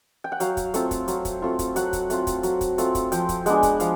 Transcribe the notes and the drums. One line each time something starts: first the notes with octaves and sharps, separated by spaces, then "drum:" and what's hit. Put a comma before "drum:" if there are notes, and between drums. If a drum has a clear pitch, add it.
G5
F#5
F#3 F5, drum: hi-hat
drum: kick, hi-hat
A3 C4 F4, drum: hi-hat
drum: kick, hi-hat
F#3, drum: hi-hat
drum: kick, hi-hat
A3 C4 F4
drum: kick, hi-hat
F#3 F#5, drum: hi-hat
drum: kick, hi-hat
A3 C4 F4, drum: hi-hat
drum: kick, hi-hat
F#3, drum: hi-hat
drum: kick, hi-hat
A3 C4 F4, drum: hi-hat
drum: kick, hi-hat
F3 G5, drum: hi-hat
drum: kick, hi-hat
G#3 B3 D4 F#5, drum: hi-hat
drum: kick, hi-hat
F3 F5, drum: hi-hat